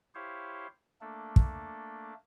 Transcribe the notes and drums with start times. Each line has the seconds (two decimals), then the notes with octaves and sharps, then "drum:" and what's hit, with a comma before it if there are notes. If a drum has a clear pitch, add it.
0.15 E4 G4 C5 C#5 F5
1.01 A3 A#3 D4 A4
1.36 drum: kick